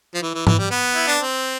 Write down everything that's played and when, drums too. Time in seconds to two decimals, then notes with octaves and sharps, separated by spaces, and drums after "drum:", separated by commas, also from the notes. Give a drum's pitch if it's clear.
0.14 F3
0.22 E3
0.34 E3
0.47 E3, drum: tom G#2
0.58 G3
0.71 B3
0.95 E4
1.07 D4
1.19 C4